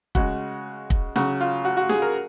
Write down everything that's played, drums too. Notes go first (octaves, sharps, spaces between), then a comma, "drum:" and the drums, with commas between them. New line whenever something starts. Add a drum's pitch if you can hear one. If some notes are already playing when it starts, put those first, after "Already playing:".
C#3 G#3 F#4, drum: kick
drum: kick
C#3 F#3 F#4, drum: snare
F4
F#4
F#4
G#4, drum: snare
A#4